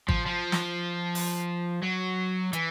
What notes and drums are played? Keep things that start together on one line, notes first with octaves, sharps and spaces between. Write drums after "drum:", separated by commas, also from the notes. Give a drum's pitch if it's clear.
F3, drum: kick G#1
F3
drum: snare
drum: open hi-hat
F#3
E3, drum: hi-hat